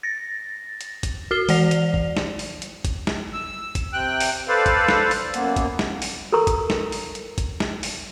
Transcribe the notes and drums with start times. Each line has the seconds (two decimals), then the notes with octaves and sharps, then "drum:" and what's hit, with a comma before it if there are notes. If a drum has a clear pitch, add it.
0.03 A6 A#6
0.81 drum: hi-hat
1.03 drum: kick, hi-hat
1.31 F#4 F6 C7 G7
1.49 E3 D5 F7, drum: open hi-hat
1.71 drum: hi-hat
1.94 drum: kick
2.17 drum: snare
2.39 drum: open hi-hat
2.62 drum: hi-hat
2.85 drum: kick, hi-hat
3.07 drum: snare
3.33 E6
3.75 drum: kick, hi-hat
3.93 C3 G5 F#6
4.20 drum: open hi-hat
4.48 A4 B4 C5 D5 F5
4.66 drum: kick, hi-hat
4.88 drum: snare
5.11 drum: open hi-hat
5.34 F#2 A#3 B3, drum: hi-hat
5.56 drum: kick, hi-hat
5.79 drum: snare
6.02 drum: open hi-hat
6.32 A4 A#4 A#5 C#6
6.47 drum: kick, hi-hat
6.70 drum: snare
6.92 drum: open hi-hat
7.15 drum: hi-hat
7.38 drum: kick, hi-hat
7.60 drum: snare
7.83 drum: open hi-hat